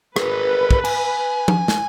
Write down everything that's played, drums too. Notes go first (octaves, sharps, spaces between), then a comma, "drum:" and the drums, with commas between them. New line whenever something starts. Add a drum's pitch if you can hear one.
G#4 A#4 B4, drum: rim click
drum: kick
G#5, drum: cymbal
drum: tom F3
drum: snare